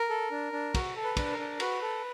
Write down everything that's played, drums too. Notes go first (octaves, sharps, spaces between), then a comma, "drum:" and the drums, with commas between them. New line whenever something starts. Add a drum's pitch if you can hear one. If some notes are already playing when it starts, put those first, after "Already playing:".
Already playing: A#4
A4
D4
D4
F#4, drum: kick, cymbal
A4
B4
D4, drum: kick, cymbal
A#4
D4
F#4 B4, drum: cymbal
A4